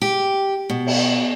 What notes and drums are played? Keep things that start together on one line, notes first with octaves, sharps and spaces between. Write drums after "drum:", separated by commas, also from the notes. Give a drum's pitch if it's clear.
G4
B2
drum: cymbal